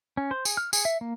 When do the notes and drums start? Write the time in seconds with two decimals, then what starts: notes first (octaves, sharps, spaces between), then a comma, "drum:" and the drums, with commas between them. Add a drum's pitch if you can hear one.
0.17 C#4
0.31 C5
0.45 G#4, drum: tambourine
0.57 F6
0.73 G#4, drum: tambourine
0.85 E5
1.01 A#3